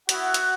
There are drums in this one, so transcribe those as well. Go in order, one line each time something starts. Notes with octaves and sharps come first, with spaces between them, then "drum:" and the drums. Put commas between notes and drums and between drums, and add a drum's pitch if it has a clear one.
B3 E4 F#4 F#5, drum: hi-hat
drum: hi-hat